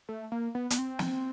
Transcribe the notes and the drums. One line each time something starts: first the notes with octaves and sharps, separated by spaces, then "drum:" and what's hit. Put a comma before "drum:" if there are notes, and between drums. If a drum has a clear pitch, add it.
A3
A#3
B3
B3, drum: hi-hat
C4
drum: snare